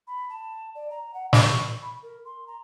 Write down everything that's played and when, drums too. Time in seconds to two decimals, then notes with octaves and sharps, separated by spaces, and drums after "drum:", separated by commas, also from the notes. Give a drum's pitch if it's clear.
0.07 B5
0.30 A5
0.75 D5
0.90 A#5
1.14 F#5
1.33 C#6, drum: snare
1.82 B5
2.03 A#4
2.25 C6
2.47 A#5